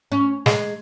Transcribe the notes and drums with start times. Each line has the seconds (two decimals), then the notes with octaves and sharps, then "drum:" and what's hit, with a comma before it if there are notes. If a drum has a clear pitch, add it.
0.12 C#4
0.46 G#3, drum: snare